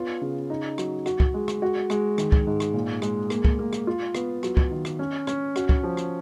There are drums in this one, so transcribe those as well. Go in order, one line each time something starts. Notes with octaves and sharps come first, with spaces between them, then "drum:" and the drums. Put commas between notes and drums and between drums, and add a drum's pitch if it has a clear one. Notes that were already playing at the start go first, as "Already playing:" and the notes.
Already playing: B3 F4 C#5
C#3
D#4
F#3, drum: rim click
F#4, drum: rim click
drum: kick
G#3
drum: rim click
F#4
G#3, drum: rim click
D#3, drum: rim click
drum: kick
G#2
drum: rim click
A#2
G#3, drum: rim click
A#3, drum: rim click
drum: kick
A#3
drum: rim click
F4
B3, drum: rim click
F#3, drum: rim click
drum: kick
D#3
drum: rim click
C#4
C#4, drum: rim click
F#4, drum: rim click
drum: kick
F3
drum: rim click